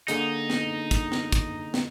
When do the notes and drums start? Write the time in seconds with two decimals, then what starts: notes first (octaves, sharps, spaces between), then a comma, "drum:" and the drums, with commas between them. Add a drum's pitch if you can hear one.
0.08 D3 A#3 D#4 G#4, drum: hi-hat
0.50 drum: snare
0.91 drum: kick, hi-hat
1.12 drum: snare
1.32 drum: kick, hi-hat
1.74 drum: snare